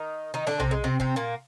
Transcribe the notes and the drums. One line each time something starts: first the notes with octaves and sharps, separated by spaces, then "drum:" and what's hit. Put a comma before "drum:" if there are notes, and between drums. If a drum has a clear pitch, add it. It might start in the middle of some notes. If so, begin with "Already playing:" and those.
Already playing: D#3 D#4
D#3 D#4
D3 D4, drum: snare
C3 C4, drum: tom B1
G#3
C3 C4
C3 C4, drum: kick
A#2 A#3